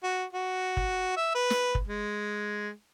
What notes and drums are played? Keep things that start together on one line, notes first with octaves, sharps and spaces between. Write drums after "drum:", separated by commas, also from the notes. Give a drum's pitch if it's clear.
F#4
F#4
drum: kick
E5
B4
drum: snare
drum: kick
G#3